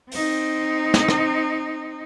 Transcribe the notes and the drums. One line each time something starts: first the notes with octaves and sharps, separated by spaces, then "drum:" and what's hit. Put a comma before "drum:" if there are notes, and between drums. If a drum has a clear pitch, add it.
C4 D#4, drum: open hi-hat
drum: snare
drum: rim click